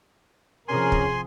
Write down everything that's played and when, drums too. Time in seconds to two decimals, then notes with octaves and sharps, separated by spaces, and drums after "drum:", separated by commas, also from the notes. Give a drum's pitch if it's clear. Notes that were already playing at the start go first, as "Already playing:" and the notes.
0.68 C3 F3 C#4 G#4 A#4 G#5 C6
0.92 drum: kick